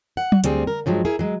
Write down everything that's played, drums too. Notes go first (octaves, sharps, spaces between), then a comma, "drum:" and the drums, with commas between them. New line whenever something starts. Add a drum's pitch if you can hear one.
F#5
drum: tom F#3
D2 G3 C4 G#4, drum: hi-hat
A#4
G2 F3 F#3 G#3
E4 G#4 A#4
F#3 G#3